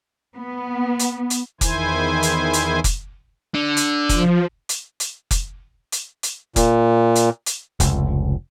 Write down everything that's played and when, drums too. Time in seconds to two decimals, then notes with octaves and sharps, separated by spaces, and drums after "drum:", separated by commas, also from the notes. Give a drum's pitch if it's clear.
0.37 B3
0.99 drum: hi-hat
1.30 drum: hi-hat
1.61 E2 D#3 E4 C5 G#5, drum: kick F1, hi-hat
2.23 drum: hi-hat
2.53 drum: hi-hat
2.84 drum: kick F1, hi-hat
3.55 D3
3.77 drum: hi-hat
4.09 F3, drum: kick F1, hi-hat
4.69 drum: hi-hat
5.00 drum: hi-hat
5.31 drum: kick F1, hi-hat
5.92 drum: hi-hat
6.23 drum: hi-hat
6.56 A#2, drum: kick F1, hi-hat
7.15 drum: hi-hat
7.46 drum: hi-hat
7.80 F1 C#2, drum: kick F1, hi-hat